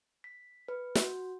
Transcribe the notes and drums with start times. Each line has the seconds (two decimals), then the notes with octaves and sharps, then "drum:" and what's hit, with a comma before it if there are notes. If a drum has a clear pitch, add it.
0.24 B6
0.68 B4
0.95 F#4, drum: snare